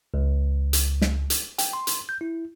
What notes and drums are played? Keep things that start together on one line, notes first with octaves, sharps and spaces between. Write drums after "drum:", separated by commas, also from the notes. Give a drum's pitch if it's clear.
C#2
drum: hi-hat
drum: snare
drum: hi-hat
G5, drum: hi-hat
C6
drum: hi-hat
G6
E4